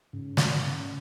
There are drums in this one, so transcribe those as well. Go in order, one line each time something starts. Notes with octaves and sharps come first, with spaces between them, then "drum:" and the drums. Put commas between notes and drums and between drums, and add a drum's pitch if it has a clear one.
G#2 C#3
drum: snare